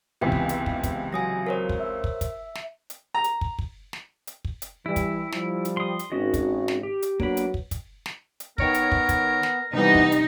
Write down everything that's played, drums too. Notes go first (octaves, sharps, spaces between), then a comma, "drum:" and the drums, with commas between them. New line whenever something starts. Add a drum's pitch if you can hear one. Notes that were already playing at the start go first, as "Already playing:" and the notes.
C#2 C3 E3 B3 G5 B6
drum: kick
drum: hi-hat
drum: kick
drum: kick, hi-hat
F#3 G#5 D#6 A#6
A#4 C5 C#5
drum: kick
E5
drum: kick
drum: kick, hi-hat
drum: snare
drum: hi-hat
A#5
drum: hi-hat
drum: kick
drum: kick
drum: snare
drum: hi-hat
drum: kick
drum: hi-hat
E3 G3 E4
drum: kick, hi-hat
F3 G3, drum: snare
drum: hi-hat
C6 D#6
drum: hi-hat
G#1 C#4 F#4 D#5
drum: kick, hi-hat
drum: snare
G4
drum: hi-hat
F#3 A#3 B3 D4 B5, drum: kick
drum: hi-hat
drum: kick
drum: kick, hi-hat
drum: snare
drum: hi-hat
D#3 B3 A#4 C#5 D7, drum: kick
drum: hi-hat
drum: kick
drum: kick, hi-hat
drum: snare
C3 E3 G3 B3 D#4
drum: kick
drum: hi-hat